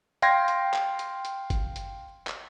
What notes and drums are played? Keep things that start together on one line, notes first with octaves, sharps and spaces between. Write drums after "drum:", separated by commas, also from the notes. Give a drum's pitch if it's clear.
F5 G5 C6 G#6 A#6, drum: hi-hat
drum: hi-hat
drum: clap
drum: hi-hat
drum: hi-hat
drum: kick, hi-hat
drum: hi-hat
drum: clap